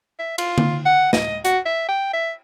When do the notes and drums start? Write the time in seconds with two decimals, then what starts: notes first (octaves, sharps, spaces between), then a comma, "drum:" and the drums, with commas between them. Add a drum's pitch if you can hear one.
0.19 E5
0.38 F4, drum: cymbal
0.58 drum: tom D3
0.86 F#5
1.13 D#5, drum: snare
1.45 F#4, drum: hi-hat
1.66 E5
1.89 G5
2.13 E5